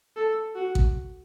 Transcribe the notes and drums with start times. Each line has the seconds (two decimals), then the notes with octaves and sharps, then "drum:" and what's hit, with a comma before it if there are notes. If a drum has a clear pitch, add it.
0.16 A4
0.56 F#4
0.75 drum: kick A1